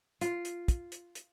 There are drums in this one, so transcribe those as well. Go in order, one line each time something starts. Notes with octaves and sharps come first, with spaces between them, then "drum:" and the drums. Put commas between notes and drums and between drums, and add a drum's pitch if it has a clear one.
F4, drum: hi-hat
drum: hi-hat
drum: kick, hi-hat
drum: hi-hat
drum: hi-hat